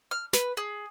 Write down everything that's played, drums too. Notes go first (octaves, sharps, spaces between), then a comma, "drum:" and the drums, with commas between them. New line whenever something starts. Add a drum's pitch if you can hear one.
F6
B4, drum: snare
G#4